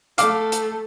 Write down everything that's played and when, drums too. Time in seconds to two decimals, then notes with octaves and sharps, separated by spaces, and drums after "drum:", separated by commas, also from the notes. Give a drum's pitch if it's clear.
0.18 A3 F5 D6, drum: hi-hat
0.52 drum: hi-hat